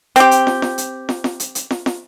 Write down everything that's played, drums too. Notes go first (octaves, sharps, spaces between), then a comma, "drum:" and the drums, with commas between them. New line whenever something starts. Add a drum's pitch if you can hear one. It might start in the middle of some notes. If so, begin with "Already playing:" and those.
C4 G4, drum: hi-hat
drum: hi-hat
drum: snare
drum: snare
drum: hi-hat
drum: snare
drum: snare
drum: hi-hat
drum: hi-hat
drum: snare
drum: snare